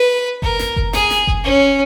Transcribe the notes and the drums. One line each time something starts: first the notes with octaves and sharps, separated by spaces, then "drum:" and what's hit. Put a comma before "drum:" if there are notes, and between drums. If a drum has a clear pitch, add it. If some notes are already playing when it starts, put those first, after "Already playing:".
Already playing: B4
A#4, drum: kick F#1
drum: snare
drum: kick F#1
G#4, drum: snare
drum: snare
drum: kick F#1
C#4